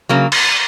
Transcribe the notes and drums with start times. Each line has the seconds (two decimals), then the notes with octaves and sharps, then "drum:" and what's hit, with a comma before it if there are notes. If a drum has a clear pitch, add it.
0.09 C#3 F#3 A#3
0.32 drum: cymbal